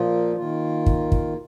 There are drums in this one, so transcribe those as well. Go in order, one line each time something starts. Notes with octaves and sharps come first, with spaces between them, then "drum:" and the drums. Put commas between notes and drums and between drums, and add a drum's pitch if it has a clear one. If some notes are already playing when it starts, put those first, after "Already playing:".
Already playing: A#2 F3 A#3 F4
D#3 A#3 F4
drum: kick
drum: kick